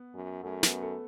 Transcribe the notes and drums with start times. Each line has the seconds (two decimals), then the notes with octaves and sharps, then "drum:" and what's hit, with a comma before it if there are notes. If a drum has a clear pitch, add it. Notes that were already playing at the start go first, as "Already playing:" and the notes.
Already playing: B3
0.14 F#2
0.43 F#2 A3
0.63 B3, drum: snare
0.82 A4